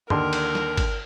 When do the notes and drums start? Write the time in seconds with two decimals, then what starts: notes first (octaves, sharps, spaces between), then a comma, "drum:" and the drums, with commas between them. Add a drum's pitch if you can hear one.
0.10 D#2 D3 A#4 C6, drum: tom
0.33 drum: cymbal
0.55 drum: snare
0.77 drum: kick, cymbal